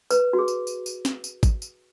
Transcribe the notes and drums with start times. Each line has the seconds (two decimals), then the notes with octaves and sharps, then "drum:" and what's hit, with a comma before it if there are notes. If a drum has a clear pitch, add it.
0.11 B4, drum: tambourine
0.33 F#4
0.39 G#4
0.48 drum: tambourine
0.67 drum: tambourine
0.86 drum: tambourine
1.05 drum: snare
1.24 drum: tambourine
1.43 drum: kick G#1, tambourine
1.62 drum: tambourine